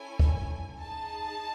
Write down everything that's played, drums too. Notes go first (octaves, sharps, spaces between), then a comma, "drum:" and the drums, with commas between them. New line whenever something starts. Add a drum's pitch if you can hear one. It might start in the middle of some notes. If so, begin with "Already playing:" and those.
Already playing: C#4 E4 A4 G#5
drum: kick
D#4 G#4 A5